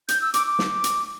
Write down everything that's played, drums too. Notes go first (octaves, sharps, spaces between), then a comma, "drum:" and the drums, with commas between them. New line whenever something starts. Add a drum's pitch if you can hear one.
G6, drum: hi-hat
E6
D6, drum: hi-hat
D6
drum: snare
drum: hi-hat